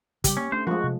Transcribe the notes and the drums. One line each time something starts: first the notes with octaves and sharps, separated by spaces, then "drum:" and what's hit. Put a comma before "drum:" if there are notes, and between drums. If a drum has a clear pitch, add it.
C#3 G3 G4, drum: kick, hi-hat
A#3 C#4
A3 C#4 D4 C5
F3 G#3 F#4
C3